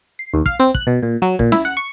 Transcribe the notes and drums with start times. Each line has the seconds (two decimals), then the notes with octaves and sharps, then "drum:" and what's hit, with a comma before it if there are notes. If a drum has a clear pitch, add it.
0.19 C7
0.34 D#2
0.46 F5, drum: kick
0.60 C4
0.75 F#6, drum: kick
0.87 B2
1.03 A#2
1.22 F#3
1.39 A#2, drum: kick
1.52 E4, drum: snare C#4
1.65 F#5
1.77 C#6